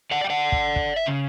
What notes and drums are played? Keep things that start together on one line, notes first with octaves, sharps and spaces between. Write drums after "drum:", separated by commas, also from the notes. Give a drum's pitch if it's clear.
D5 F#5
G5
D5 F#5
drum: kick
drum: kick
E5
C#3